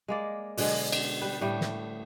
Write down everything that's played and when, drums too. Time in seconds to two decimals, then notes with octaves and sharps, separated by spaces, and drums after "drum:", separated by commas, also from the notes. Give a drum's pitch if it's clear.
0.08 G#3 A#3 D5
0.57 B2 D3 F#3 G#3, drum: open hi-hat
0.92 drum: cymbal
1.21 G3 B4 G5
1.41 A2 G3 A3 G5
1.61 drum: snare